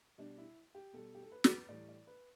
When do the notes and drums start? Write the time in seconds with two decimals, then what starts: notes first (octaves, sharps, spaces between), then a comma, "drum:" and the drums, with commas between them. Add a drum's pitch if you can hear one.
0.18 B2 G3 D4
0.38 E4
0.75 G4
0.93 B2 G3 A4
1.15 G4
1.23 A4
1.32 B4
1.44 drum: snare
1.69 A2 E3 G3 D5
1.89 D5
2.07 B4